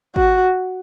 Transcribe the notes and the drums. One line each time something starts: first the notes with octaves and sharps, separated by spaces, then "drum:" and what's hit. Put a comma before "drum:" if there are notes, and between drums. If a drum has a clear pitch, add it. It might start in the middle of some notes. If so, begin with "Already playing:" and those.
F#4, drum: kick G#1